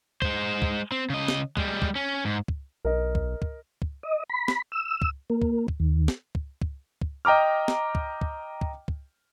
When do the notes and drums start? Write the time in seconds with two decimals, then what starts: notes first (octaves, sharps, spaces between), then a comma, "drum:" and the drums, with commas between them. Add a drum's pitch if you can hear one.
0.22 G#3 C5, drum: kick
0.62 drum: kick
0.92 C4
1.10 C#3 D#5
1.28 drum: snare
1.57 G3 G#3, drum: kick
1.82 drum: kick
1.96 C#4
2.25 G#2
2.48 drum: kick
2.85 B1 A#4 D#5
3.15 drum: kick
3.42 drum: kick
3.82 drum: kick
4.03 D#5
4.30 B5
4.48 drum: snare
4.72 E6
5.02 drum: kick
5.30 A#3
5.42 drum: kick
5.68 drum: kick
5.80 D#2
6.08 drum: snare
6.35 drum: kick
6.62 drum: kick
7.02 drum: kick
7.25 D#5 G5 A#5 D6 F6
7.68 drum: snare
7.95 drum: kick
8.21 drum: kick
8.61 drum: kick
8.88 drum: kick